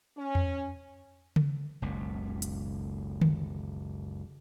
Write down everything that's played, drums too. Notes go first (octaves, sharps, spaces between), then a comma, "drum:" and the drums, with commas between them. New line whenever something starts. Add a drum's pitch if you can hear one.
C#4
drum: tom E2
drum: tom C#3
F#1 C#2 B2
drum: hi-hat
drum: tom D3